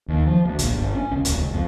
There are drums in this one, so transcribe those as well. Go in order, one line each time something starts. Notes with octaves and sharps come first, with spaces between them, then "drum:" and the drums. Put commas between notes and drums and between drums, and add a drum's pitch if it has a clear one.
D#2
F3
D2
A#1, drum: hi-hat
G1
C#4
C#2
D#1, drum: hi-hat
C#2
F2